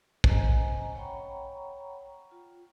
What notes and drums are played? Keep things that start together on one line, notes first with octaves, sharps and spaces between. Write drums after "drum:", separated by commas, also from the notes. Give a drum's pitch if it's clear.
C#4 C5 D#5 G#5 A#5, drum: kick
C#5 F#5 G5 A#5 B5 C#6
F4